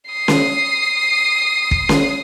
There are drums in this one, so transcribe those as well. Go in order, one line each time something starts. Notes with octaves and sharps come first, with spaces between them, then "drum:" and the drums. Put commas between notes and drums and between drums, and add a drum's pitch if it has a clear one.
D#6 C7
drum: snare C#4
drum: kick
drum: snare C#4